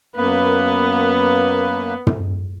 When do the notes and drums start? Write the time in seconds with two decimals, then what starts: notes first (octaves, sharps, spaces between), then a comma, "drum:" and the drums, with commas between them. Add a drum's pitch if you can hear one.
0.16 F#2 A#3 B3 B4
2.07 drum: tom